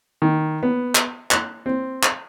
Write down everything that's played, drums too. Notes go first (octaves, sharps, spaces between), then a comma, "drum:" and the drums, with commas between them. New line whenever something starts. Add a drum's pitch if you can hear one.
D#3
B3
drum: clap
F#6, drum: clap
C4
drum: clap